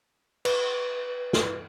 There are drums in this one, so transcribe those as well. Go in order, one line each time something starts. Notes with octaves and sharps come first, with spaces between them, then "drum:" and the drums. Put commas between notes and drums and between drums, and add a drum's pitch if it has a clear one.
B4, drum: cymbal
drum: snare